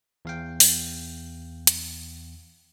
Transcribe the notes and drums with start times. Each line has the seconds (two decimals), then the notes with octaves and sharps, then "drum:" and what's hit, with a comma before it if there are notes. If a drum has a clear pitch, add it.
0.25 E2 F5 G5
0.60 drum: open hi-hat
1.67 drum: hi-hat